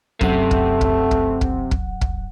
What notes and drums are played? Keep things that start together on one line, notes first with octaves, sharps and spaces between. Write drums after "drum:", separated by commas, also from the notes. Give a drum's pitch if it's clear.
F#2 C3 A3 F#5, drum: kick
drum: kick
drum: kick
drum: kick
drum: kick
drum: kick
drum: kick